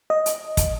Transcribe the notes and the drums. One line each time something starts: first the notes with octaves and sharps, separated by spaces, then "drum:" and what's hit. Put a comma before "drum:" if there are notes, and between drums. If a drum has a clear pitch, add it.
D#5
drum: hi-hat
drum: kick, hi-hat